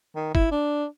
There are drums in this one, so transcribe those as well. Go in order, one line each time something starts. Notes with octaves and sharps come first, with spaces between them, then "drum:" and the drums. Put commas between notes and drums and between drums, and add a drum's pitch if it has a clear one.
D#3
E4, drum: kick
D4